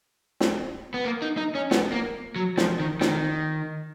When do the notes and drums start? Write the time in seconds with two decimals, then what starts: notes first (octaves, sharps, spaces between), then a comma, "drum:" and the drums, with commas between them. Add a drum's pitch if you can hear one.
0.40 drum: snare
0.94 B3
1.05 A#3
1.22 D#4
1.37 D#4
1.55 C#4
1.71 B3, drum: snare
1.92 A#3
2.36 F#3
2.57 F3, drum: snare
2.80 D#3
3.01 D#3, drum: snare